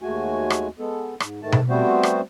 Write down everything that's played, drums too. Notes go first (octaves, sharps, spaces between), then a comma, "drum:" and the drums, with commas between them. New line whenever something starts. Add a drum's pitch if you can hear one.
D#2 G#3 A3 F#4 G#5
drum: rim click
G#3 B3 A4
G#2, drum: rim click
G#2 D#3 A3 A5
drum: tom B2
G3 A3 B3 C4 F#4 C5
drum: rim click